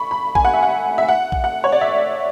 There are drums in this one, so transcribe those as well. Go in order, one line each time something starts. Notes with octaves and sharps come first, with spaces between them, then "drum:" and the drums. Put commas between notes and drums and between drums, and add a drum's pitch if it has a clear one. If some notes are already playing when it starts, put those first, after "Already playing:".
Already playing: B5 C#6
B5
G#5, drum: kick A#1
F#5
E5
F#5
E5
F#5
drum: kick A#1
F#5
C#5
D5
E5